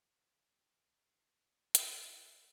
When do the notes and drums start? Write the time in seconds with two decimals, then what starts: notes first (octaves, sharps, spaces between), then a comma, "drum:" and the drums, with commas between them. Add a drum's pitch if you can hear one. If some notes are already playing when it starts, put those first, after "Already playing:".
0.12 A6
0.46 G5
0.81 C7
1.36 D#6
1.75 F5, drum: hi-hat
2.14 E4